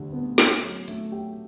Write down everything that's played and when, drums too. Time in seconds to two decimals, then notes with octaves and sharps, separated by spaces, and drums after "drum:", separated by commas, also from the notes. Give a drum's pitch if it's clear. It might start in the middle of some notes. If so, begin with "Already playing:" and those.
Already playing: D2 D3 G3
0.13 B3
0.38 C#4, drum: snare
0.63 F#3
0.88 A3, drum: hi-hat
1.12 G4